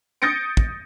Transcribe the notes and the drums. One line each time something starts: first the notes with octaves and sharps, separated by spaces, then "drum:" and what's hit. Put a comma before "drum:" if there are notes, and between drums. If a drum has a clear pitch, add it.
D#6 G6 A6 A#6 C#7 D7
drum: kick